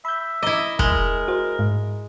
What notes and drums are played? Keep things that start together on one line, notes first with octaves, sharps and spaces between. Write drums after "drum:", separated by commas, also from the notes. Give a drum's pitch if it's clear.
E5 B5 G6
E4 D#5 A#5 D6
G#3 A#4, drum: kick
F#4 C5
G#2